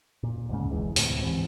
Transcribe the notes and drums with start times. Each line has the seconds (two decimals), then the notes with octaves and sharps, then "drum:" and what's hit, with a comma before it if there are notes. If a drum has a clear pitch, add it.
0.23 A#2
0.49 D2 G#2 C#3
0.70 F1 C2 E3 G#3
0.96 D2 A2 C3, drum: open hi-hat
1.22 G#2 E3 C4